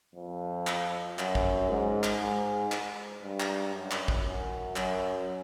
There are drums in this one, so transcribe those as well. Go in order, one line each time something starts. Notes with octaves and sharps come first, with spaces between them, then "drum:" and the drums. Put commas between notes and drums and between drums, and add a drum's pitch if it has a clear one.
F2
drum: clap
F#2, drum: clap
drum: kick
G#2
drum: clap
G#2
drum: clap
G2
drum: clap
F#2
drum: clap
drum: kick
F#2
F#2, drum: clap